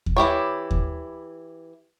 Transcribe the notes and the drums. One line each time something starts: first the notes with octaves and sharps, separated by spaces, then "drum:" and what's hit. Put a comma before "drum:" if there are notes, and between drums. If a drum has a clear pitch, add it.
drum: kick D#2
E3 E4 G4 C#5
drum: kick D#2